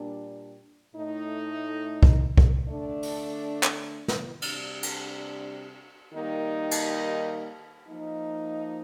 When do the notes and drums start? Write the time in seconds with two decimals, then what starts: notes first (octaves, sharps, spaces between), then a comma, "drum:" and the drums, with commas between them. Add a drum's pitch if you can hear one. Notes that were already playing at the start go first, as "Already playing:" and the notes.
Already playing: A#2 G3 D4
0.95 A2 A3 D#4
2.03 drum: kick
2.38 drum: kick
2.68 D3 A3 D4
3.03 drum: open hi-hat
3.63 drum: clap
4.08 drum: snare
4.42 C3 G3 D4, drum: cymbal
4.83 drum: cymbal
6.14 D#3 G3 A#3 D#4
6.71 drum: cymbal
7.88 F3 A#3 D#4